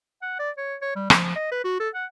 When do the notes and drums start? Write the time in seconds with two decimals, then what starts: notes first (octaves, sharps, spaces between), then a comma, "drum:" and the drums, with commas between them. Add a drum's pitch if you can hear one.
0.22 F#5
0.39 D5
0.57 C#5
0.82 C#5
0.96 G3
1.10 F3, drum: rim click
1.36 D#5
1.51 B4
1.64 F#4
1.80 A4
1.95 F#5